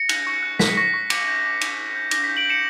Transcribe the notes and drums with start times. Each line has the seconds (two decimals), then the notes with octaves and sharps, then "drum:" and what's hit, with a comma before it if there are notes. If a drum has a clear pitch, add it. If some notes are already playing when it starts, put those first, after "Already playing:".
Already playing: A#6 C#7
0.09 F#6, drum: cymbal
0.27 C#6
0.43 F#6
0.59 F#6 B6, drum: snare
0.77 C#6 A#6
0.94 C#6
1.10 D6, drum: cymbal
1.28 G6
1.45 D6
1.61 D6, drum: cymbal
1.77 D6
1.96 G6
2.11 D6 A#6, drum: cymbal
2.24 B6
2.29 G6
2.37 D7 F#7
2.45 G6 C#7 E7